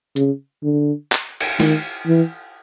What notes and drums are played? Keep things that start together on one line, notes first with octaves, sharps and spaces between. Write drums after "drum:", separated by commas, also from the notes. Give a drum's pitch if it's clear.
C#3, drum: hi-hat
D3
drum: clap
drum: cymbal
D#3, drum: snare
E3